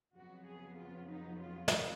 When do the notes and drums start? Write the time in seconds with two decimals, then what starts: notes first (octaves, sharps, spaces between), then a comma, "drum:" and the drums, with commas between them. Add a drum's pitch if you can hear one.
0.15 F2 C#3 F#3 B3 F#4
0.46 G#4
0.78 F4
1.09 D#4
1.40 F4
1.68 drum: snare